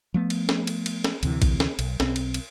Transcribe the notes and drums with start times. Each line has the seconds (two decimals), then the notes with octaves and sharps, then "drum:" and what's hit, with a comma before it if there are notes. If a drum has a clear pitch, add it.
0.14 F3 A3 B3
0.30 drum: cymbal
0.49 drum: snare
0.67 drum: cymbal
0.86 drum: cymbal
1.04 drum: snare
1.23 D2 C3 E3, drum: cymbal
1.42 drum: kick, cymbal
1.60 drum: snare
1.79 B1, drum: cymbal
2.00 B1 C4, drum: snare
2.16 drum: cymbal
2.34 drum: cymbal